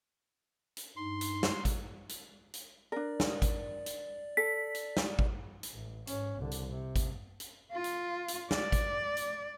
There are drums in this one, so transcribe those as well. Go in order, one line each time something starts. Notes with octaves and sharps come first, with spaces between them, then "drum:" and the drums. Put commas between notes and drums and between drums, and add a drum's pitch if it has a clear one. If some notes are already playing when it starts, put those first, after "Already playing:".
drum: hi-hat
G2 D#4 C6
drum: hi-hat
drum: snare
drum: kick G#1, hi-hat
drum: hi-hat
drum: hi-hat
D4 A#4 D5
drum: snare
drum: kick G#1, hi-hat
drum: hi-hat
A4 B6
drum: hi-hat
drum: snare
drum: kick G#1
drum: hi-hat
A1
G#2 C#4, drum: hi-hat
C2 D3
drum: hi-hat
C3
drum: kick G#1, hi-hat
drum: hi-hat
F4
drum: hi-hat
drum: hi-hat
D5, drum: snare
drum: kick G#1, hi-hat
drum: hi-hat